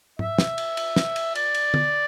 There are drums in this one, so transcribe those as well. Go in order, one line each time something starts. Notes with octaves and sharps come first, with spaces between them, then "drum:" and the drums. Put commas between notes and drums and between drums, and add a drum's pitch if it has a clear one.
E5, drum: tom G#2
drum: snare
drum: cymbal
drum: cymbal
drum: snare
drum: cymbal
D5, drum: cymbal
drum: cymbal
drum: tom D3